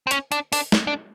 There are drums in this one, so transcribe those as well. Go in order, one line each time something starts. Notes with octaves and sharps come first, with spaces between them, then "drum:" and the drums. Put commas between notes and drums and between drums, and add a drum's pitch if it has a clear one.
C4
C#4, drum: hi-hat
D4, drum: hi-hat
D4, drum: open hi-hat
drum: snare
D4